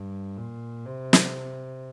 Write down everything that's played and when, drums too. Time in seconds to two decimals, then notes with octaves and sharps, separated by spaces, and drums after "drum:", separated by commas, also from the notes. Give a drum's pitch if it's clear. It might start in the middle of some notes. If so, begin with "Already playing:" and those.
Already playing: G2
0.38 A#2
0.85 C3
1.13 drum: snare